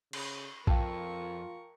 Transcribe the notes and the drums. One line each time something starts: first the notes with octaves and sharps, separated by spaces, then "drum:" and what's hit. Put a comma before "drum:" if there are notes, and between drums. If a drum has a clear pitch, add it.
C#3, drum: cymbal
F2 F4 A#4 F5 G5 A5 C#6, drum: kick A#1